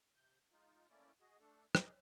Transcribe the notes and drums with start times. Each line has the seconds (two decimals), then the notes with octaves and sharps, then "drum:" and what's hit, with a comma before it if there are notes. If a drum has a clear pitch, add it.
0.15 C3 G6
0.51 G#3 D#4 F4
0.90 A3 A#3 C#4 E4 D5
1.20 F#4 G#4 D#5
1.39 A3 D4 A4
1.75 D#4 G#4 A#4 D#5 A#5 D6, drum: rim click